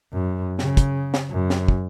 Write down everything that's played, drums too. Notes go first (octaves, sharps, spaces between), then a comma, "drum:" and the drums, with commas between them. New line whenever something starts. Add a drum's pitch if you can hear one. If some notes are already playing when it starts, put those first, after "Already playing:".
F#2
C#3, drum: snare
drum: kick, hi-hat
drum: snare
F#2
drum: snare
drum: kick